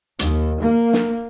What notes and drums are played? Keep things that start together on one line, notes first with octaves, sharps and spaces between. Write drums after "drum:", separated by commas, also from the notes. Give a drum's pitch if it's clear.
D#2, drum: hi-hat
A#3
drum: snare